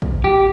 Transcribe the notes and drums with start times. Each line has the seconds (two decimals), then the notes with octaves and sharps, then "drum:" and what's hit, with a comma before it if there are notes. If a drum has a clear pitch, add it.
0.02 drum: kick
0.24 G4